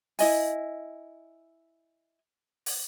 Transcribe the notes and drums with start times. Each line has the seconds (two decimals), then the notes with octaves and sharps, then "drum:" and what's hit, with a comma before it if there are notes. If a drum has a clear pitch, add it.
0.19 E4 D#5 G#5, drum: open hi-hat
2.66 drum: open hi-hat